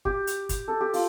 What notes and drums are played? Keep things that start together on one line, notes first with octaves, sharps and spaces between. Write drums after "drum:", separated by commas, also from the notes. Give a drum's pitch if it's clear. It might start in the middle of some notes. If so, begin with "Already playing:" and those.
G4, drum: kick
drum: hi-hat
drum: kick, hi-hat
A4
G4
F4, drum: open hi-hat